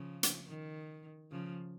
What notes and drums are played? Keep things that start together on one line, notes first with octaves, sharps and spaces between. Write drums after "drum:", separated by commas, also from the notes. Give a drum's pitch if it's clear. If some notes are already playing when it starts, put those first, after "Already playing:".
Already playing: C#3 F3
drum: hi-hat
D#3
C#3 F3